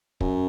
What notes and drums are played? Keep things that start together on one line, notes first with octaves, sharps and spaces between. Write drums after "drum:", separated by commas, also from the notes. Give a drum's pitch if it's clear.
F#2, drum: kick